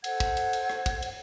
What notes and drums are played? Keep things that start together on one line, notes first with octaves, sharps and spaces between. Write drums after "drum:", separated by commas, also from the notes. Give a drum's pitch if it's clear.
A4 C5 F#5 G#6, drum: cymbal
drum: kick, cymbal
drum: cymbal
drum: cymbal
drum: rim click
drum: kick, cymbal
drum: cymbal